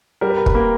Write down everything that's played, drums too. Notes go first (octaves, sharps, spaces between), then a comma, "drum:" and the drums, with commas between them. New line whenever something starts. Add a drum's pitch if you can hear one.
G3 A#4
B4
A#4
B4, drum: kick
A#3 A#4